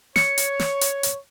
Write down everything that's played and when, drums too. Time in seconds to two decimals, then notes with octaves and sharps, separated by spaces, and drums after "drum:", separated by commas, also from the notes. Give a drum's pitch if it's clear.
0.16 C#5 C#7, drum: snare
0.38 drum: hi-hat
0.59 drum: snare
0.81 drum: hi-hat
1.03 drum: hi-hat